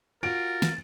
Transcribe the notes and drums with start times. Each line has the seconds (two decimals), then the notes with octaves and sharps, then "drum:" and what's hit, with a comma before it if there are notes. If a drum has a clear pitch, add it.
0.23 F4 F#4 A#4 A6 D7
0.62 drum: snare